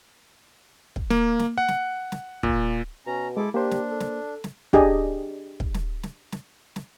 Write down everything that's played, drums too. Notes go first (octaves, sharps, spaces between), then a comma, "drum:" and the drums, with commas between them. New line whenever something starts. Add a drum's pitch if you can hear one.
drum: kick
A#3, drum: snare
drum: snare
F#5
drum: snare
drum: snare
A#2, drum: kick
B2 C#4 A#5
G#3 E4 G#4 A4 D6
A#3 D4 G4 C5
drum: snare
A4
drum: snare
drum: snare
D4 G4 G#4 D#5, drum: kick
drum: kick
drum: snare
drum: snare
drum: snare
drum: snare